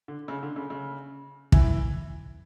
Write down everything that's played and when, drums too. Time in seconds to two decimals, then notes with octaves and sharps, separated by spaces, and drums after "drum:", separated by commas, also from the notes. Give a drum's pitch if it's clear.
0.08 D3
0.28 C#3
0.43 D3
0.56 C#3
0.70 C#3
1.52 E3, drum: kick